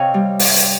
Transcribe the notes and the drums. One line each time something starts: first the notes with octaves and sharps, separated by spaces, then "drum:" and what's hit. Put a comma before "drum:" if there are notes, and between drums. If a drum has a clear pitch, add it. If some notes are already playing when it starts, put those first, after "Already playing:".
Already playing: C3 C#5 D#5 F5 G5
G3
G2, drum: open hi-hat
drum: hi-hat